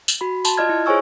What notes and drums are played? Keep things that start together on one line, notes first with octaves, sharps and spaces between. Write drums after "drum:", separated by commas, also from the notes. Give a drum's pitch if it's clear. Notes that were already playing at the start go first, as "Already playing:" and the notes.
drum: tambourine
F#4 B5
A5 C6, drum: tambourine
F4 D5 D#5 F6 G#6
E4
G#4 C5 C#5 G#5 C#6 E6